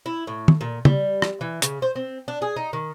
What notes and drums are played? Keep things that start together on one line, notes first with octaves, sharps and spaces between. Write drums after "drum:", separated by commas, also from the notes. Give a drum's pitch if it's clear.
E4
A2
drum: tom
A#2
G3, drum: tom
drum: rim click
E3
C#3, drum: hi-hat
C5
C4
D4
G#4
D#4
D#3